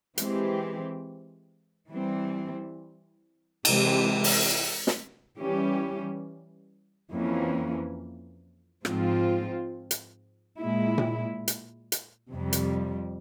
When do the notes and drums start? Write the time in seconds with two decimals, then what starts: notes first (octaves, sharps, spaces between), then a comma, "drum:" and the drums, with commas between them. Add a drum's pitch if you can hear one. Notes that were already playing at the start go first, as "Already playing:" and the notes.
0.18 E3 G#3 C4 G4, drum: hi-hat
1.91 E3 G3 C4
3.65 C3 E3 G#3 C4 G4, drum: cymbal
4.24 drum: open hi-hat
4.87 drum: snare
5.38 E3 G3 C#4 G4
7.11 F2 E3 A#3 C#4
8.85 G#2 F3 C4 F4, drum: rim click
9.91 drum: hi-hat
10.59 A#2 G#3 E4
10.98 drum: tom A#2
11.48 drum: hi-hat
11.92 drum: hi-hat
12.32 F2 C3 G3
12.53 drum: hi-hat